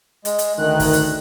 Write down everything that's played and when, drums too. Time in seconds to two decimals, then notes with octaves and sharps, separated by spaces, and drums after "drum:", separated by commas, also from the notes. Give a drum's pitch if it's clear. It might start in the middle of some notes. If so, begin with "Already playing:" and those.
0.25 G#3, drum: hi-hat
0.39 drum: hi-hat
0.59 D2 D#3 F#6
0.80 drum: kick, open hi-hat
0.93 drum: hi-hat